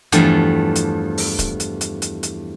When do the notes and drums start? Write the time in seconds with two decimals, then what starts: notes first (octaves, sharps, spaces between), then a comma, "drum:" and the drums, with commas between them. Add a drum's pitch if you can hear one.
0.12 E2 G2 F3 A3, drum: hi-hat
0.75 drum: hi-hat
1.18 drum: open hi-hat
1.39 drum: kick D1, hi-hat
1.60 drum: hi-hat
1.81 drum: hi-hat
2.02 drum: hi-hat
2.23 drum: hi-hat